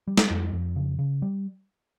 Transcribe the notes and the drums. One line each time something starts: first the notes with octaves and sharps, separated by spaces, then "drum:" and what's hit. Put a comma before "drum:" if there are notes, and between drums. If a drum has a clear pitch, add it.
G3
drum: snare
F2
F2
C#3
C#3
G3